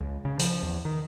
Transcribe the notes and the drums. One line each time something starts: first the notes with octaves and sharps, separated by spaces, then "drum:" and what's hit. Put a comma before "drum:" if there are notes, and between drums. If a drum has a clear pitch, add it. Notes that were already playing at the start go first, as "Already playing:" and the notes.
C#2
C#3
F3, drum: hi-hat
E2
D#3